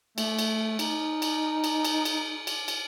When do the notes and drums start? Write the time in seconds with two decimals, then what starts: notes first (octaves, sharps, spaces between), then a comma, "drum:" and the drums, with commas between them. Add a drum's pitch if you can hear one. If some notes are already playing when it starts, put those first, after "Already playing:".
0.18 A3, drum: cymbal
0.39 drum: cymbal
0.79 D#4, drum: cymbal
1.22 drum: cymbal
1.64 drum: cymbal
1.85 drum: cymbal
2.05 drum: cymbal
2.47 drum: cymbal
2.68 drum: cymbal